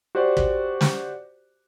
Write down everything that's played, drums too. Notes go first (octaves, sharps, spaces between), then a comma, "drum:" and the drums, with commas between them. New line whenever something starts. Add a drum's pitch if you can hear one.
F#4 G4 C5 D5
drum: kick
drum: snare